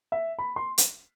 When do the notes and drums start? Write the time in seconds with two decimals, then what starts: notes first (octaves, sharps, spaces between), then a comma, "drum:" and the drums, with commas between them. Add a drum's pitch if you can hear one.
0.12 E5
0.39 B5
0.56 C6
0.78 drum: hi-hat